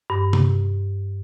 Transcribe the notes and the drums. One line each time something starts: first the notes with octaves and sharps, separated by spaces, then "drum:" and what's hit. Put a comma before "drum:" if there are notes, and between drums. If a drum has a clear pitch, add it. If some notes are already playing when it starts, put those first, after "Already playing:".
G2
drum: tom C3